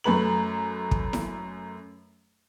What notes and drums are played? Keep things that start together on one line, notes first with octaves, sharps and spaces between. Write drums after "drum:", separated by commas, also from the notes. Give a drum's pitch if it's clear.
F#2 A3 B4 F#7
drum: kick
drum: snare E4